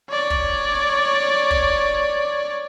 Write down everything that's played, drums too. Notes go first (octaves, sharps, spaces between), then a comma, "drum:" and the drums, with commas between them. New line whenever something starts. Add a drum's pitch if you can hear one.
C#5 D5
drum: kick
drum: kick